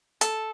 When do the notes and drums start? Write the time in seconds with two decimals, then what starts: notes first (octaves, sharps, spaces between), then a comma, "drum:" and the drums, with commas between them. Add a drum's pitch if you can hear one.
0.21 A4, drum: hi-hat